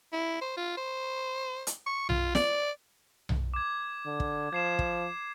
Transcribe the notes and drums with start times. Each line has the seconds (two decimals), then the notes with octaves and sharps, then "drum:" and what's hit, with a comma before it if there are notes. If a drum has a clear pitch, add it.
0.12 E4
0.41 C5
0.57 F4
0.77 C5
1.67 drum: hi-hat
1.87 C#6
2.09 F4, drum: tom B1
2.35 D5, drum: snare
3.29 drum: tom B1
3.54 D6 G#6
4.06 D3
4.20 drum: kick
4.53 F3 G#6 C7 E7
4.79 drum: kick